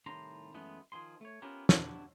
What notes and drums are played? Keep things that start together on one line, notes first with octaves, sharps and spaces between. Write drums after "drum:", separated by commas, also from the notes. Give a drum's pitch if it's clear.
C2 A2 D#3 G3 A#5 C6
F#2 E3 G#3 A3 B3
D#3 F3 G#4 C6
A3 C#5
B3 C#4 E4 F4 G4 A#4
B3 D4 E4 F#4 G4, drum: snare